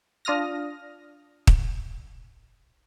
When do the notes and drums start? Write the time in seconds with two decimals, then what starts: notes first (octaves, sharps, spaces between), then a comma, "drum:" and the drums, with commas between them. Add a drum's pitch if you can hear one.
0.25 D4 F4 D#6 F6 A#6
1.47 drum: kick